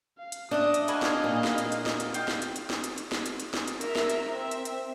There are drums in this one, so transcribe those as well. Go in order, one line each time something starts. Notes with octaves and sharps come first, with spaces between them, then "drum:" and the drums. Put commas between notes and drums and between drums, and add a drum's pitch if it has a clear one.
F5
drum: hi-hat
A3 D4 D#5 D#6 F#6
drum: hi-hat
F#4 B4 D#5 F5 G#5, drum: hi-hat
drum: snare
A#2
drum: snare
drum: hi-hat
drum: hi-hat
drum: snare
drum: hi-hat
F4 G5, drum: hi-hat
drum: snare
drum: hi-hat
drum: hi-hat
drum: snare
drum: hi-hat
drum: hi-hat
drum: snare
drum: hi-hat
drum: hi-hat
drum: snare
drum: hi-hat
A#4 E5 A#5, drum: hi-hat
drum: snare
drum: hi-hat
C4 E5
drum: hi-hat
drum: hi-hat